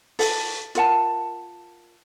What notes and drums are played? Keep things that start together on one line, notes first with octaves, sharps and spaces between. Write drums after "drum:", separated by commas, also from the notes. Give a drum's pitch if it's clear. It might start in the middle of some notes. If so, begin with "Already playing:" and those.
A4, drum: open hi-hat
F4 A#4 F#5 A5, drum: hi-hat